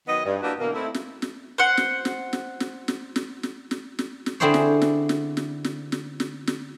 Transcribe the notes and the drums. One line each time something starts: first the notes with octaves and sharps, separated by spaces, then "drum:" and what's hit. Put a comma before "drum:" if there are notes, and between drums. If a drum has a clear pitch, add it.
D#3 F#3 B3 D#5
G2
A#3 D4 E4 F#4 G4 B4
B2 D3 E3 A#3
A3 C4 D#4 E4
drum: snare
drum: snare
C5 F#5
drum: snare
drum: snare
drum: snare
drum: snare
drum: snare
drum: snare
drum: snare
drum: snare
drum: snare
drum: snare
D3 C4 E4 G#4 C5 C#5
drum: snare
drum: snare
drum: snare
drum: snare
drum: snare
drum: snare
drum: snare
drum: snare